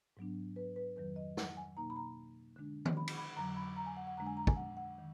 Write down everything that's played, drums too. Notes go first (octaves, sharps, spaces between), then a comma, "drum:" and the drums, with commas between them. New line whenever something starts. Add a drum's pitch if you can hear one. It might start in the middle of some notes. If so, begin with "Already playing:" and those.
G#2 F#3 B3 D4
B4
B4
F2 D#3 F#3 B4
D#5
F#5, drum: snare
G#5
B2 A#3 D#4 A#5
B5
A#5
D3 G#3 D4
drum: tom D#3
B5
drum: cymbal
B5
F2 D3 F#3 A#5
B5
A#5
G#5
F#5
F#5
F2 D3 G#3 D4 A#5
G#5
A#5
G#5, drum: kick
F#5
F#5
D#3